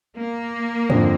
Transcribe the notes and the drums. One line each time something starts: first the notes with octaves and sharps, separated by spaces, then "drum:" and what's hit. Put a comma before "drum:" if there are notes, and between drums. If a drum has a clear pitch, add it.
A#3
F2 D3 F3, drum: tom